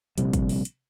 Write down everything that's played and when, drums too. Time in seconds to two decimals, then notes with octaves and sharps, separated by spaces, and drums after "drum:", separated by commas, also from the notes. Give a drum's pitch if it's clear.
0.18 A#1 C3 G3, drum: hi-hat
0.33 drum: kick, hi-hat
0.49 drum: open hi-hat
0.65 drum: hi-hat